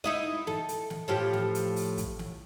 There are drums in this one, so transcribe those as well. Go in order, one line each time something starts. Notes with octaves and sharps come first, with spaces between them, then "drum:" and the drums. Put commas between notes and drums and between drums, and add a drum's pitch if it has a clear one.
D#4 E4 D#5
A4, drum: snare
drum: hi-hat
drum: snare
A2 F3 G4
drum: snare
drum: hi-hat
drum: open hi-hat
drum: kick, hi-hat
drum: snare